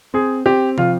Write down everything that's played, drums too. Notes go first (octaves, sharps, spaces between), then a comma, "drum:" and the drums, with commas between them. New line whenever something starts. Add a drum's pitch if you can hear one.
C4 G#4
C4 G4
F3 F4, drum: tom